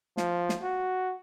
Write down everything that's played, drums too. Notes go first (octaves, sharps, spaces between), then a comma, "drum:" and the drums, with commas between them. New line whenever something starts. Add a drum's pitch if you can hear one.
F3, drum: snare
drum: snare
F#4